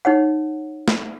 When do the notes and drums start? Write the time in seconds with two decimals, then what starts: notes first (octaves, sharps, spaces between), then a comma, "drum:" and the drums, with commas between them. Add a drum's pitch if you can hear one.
0.05 D#4 C#5 F#5
0.88 drum: snare